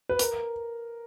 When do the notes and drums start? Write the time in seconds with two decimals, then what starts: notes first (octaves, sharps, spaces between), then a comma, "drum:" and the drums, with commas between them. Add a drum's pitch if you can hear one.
0.09 B4
0.19 A#4, drum: hi-hat